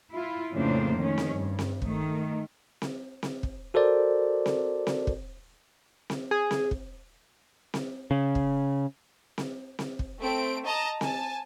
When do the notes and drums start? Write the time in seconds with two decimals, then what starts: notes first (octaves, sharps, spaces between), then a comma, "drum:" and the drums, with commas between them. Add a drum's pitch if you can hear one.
0.11 E4 F4
0.53 F2 A2 C#3 A#3 D4 C5
0.96 D#3 C#4
1.18 drum: snare C4
1.31 G2
1.59 drum: snare C4
1.82 D#3 A3, drum: kick
2.82 drum: snare C4
3.23 drum: snare C4
3.43 drum: kick
3.74 F#4 A4 A#4 C5 D5
4.46 drum: snare C4
4.87 drum: snare C4
5.07 drum: kick
6.10 drum: snare C4
6.31 G#4
6.51 drum: snare C4
6.71 drum: kick
7.74 drum: snare C4
8.11 C#3
8.35 drum: kick
9.38 drum: snare C4
9.79 drum: snare C4
9.99 drum: kick
10.20 A3 C4 D7
10.65 D#5 A5 A#5
11.01 G#5 A5, drum: snare C4